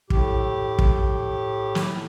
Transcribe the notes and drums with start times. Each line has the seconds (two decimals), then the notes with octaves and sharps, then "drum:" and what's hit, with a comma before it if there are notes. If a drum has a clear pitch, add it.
0.10 A2 G4, drum: kick
0.79 drum: kick
1.75 drum: snare